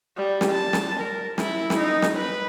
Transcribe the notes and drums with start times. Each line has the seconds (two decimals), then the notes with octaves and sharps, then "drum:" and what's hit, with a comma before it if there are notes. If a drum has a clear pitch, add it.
0.17 G3
0.41 drum: snare
0.52 A5
0.73 drum: snare
1.01 A#4
1.38 E4, drum: snare
1.70 drum: snare
1.80 D#4
2.02 drum: snare
2.17 B4